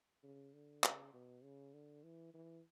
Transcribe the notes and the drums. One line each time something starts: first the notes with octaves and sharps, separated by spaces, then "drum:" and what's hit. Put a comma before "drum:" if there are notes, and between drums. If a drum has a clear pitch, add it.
C#3
D3
C#3, drum: clap
B2
C#3
D3
E3
E3